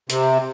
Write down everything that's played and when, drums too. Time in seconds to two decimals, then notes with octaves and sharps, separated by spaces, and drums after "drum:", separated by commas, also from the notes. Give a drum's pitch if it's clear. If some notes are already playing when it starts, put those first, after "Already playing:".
0.10 C3, drum: hi-hat